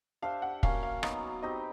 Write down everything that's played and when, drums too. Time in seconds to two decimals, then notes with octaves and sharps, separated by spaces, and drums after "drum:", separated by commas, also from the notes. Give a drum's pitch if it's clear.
0.22 D4 G4 C5 E5 F5
0.42 F#5
0.63 A#3 C#4 F#4 F5, drum: kick
0.83 F5
1.03 F#3 B3 D#4, drum: rim click
1.43 C4 D#4 G4 B4 D#5